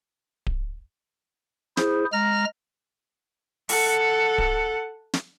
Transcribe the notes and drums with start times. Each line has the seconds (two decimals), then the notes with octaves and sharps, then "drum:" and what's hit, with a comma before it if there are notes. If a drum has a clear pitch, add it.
0.46 drum: kick D1
1.77 E4 G#4 C5, drum: snare
2.12 G#3 A#5 F6 A#6
3.69 A4 F#5, drum: open hi-hat
4.38 drum: kick D1
5.13 drum: snare